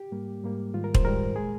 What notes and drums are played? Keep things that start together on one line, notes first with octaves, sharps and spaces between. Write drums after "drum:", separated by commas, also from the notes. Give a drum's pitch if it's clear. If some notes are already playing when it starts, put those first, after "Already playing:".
Already playing: G4
G#2 G3 A#3
G#2 G3 A#3
G#2 D#3 G3 F4
A#4
C5, drum: kick
G#2 D#3 G3 A#4
A#2 G#3 G#4